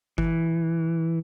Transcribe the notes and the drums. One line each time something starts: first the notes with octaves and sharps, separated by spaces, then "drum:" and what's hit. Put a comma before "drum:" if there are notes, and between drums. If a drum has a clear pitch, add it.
E3, drum: kick G1